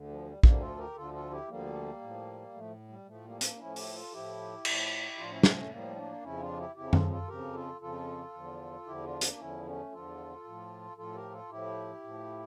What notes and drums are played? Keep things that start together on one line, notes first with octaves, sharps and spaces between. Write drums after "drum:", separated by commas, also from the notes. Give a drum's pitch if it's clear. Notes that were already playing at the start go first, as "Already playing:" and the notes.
Already playing: D2 D3
F3
G3
D2 D3 F3 G3 A#3, drum: kick
F4 A4
G4 A#4
D2 D3 F3 F4 A4
F4 A4
E4 G4
D2 D3 F3 G3 A#3
A2 F3
A2 F3 A3
G3
A2 F3 A3
G3 A#3
A#3 D4, drum: hi-hat
D4
A2 F3 C#4 E4
E4 G4, drum: open hi-hat
F4 A4
A2 F3 E4 G4
A2 F3, drum: cymbal
A2 F3 D4 F4
C#4 E4
A3 C#4, drum: snare
A3 C#4
A2 F3 G3 A#3
A#3 D4
F2 C#3 F3 C#4 E4
D4 F4
E4 G4
F2 C#3 F3 E4 G4
F4 A4, drum: tom F#2
F4 A4
F2 C#3 F3 G4 A#4
F4 A4
F2 C#3 F3 F4 A4
E2 D3 F3
E2 D3 F3 E4 G4
D4 F4
A#3 D4, drum: hi-hat
E2 D3 F3 C#4 E4
A3 C#4
E2 D3 F3 F4 A4
A2 F3
A2 F3 F4 A4
G4 A#4
F4 A4
A2 F3 E4 G4
A2 F3